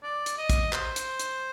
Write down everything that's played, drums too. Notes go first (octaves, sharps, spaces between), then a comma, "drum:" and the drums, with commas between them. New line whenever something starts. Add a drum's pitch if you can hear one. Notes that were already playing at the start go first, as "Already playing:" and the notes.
D5
drum: hi-hat
D#5
drum: kick, hi-hat
C5, drum: clap
drum: hi-hat
drum: hi-hat